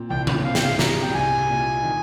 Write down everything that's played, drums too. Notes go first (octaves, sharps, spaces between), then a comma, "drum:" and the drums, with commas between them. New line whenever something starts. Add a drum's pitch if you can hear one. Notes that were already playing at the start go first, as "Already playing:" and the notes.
Already playing: A#2 C4
C2 G5
drum: tom C#3
C4 F5
G5, drum: snare
F5
G3 A#5, drum: snare
G5
C2 G#5
A#2
D#3